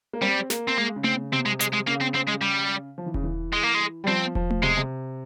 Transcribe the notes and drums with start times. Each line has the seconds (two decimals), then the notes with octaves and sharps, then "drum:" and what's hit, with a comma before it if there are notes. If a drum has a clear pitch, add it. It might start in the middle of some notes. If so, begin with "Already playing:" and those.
0.13 A#3
0.21 G3 C4
0.50 A#3, drum: snare
0.68 C4
0.78 G#3 A#3
0.96 C#3
1.04 C4, drum: tom A3
1.14 C#3
1.32 C3 C4
1.46 G#3
1.60 G#3, drum: hi-hat
1.73 G#3
1.88 C#3 A#3
2.01 C4
2.15 C4
2.28 G#3
2.42 G3
2.98 F3
3.06 E3
3.14 C#3, drum: kick E1
3.24 E3
3.53 G#3
3.63 A#3
3.75 G#3
4.04 G3
4.07 F3 C4
4.35 F3, drum: kick E1
4.50 drum: tom A3
4.63 C3 G#3
4.77 C3